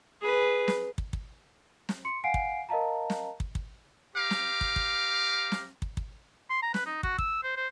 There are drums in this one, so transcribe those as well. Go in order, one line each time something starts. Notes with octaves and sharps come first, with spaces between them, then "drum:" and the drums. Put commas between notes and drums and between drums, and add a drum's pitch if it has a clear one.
G#4 B4
drum: snare
drum: kick
drum: kick
drum: snare
C6 C#7
F5 F#5 G#5 C7 D7
drum: kick
A#4 D#5 F5 A5 A#5
drum: snare
drum: kick
drum: kick
G4 C5 F5 A#5 D6
drum: snare
drum: kick
drum: kick
drum: snare
drum: kick
drum: kick
C6
A#5
B4, drum: snare
D#4
F#4, drum: kick
E6, drum: kick
C5
C5